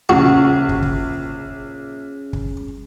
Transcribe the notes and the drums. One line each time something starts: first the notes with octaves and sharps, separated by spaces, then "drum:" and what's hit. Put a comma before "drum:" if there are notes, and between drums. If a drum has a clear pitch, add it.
A#1 C#3 F#4, drum: tom D#2
drum: kick
drum: kick
drum: kick